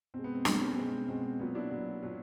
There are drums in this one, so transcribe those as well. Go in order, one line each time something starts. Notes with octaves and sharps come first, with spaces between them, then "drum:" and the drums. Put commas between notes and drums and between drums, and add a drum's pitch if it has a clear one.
B2 G#3 C4
B3
C4
B2 G#3 C4, drum: snare
B3 C#4
B2 G#3 C4
B2 G#3 C4
A#2 F#3 B3
D4 E4
A#2 F#3
A#2 F#3